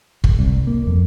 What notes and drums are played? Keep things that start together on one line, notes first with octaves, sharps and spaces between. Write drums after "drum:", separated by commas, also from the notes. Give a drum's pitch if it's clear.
D1, drum: kick
C2
A#3
F2